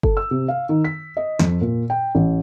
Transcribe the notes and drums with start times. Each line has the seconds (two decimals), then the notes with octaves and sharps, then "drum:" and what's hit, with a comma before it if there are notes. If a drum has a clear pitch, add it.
0.03 A4, drum: kick G1
0.17 E6
0.31 C3
0.48 F5
0.69 D#3
0.84 B6
1.17 D#5
1.39 F2, drum: snare
1.61 A#2
1.90 G5
2.15 A1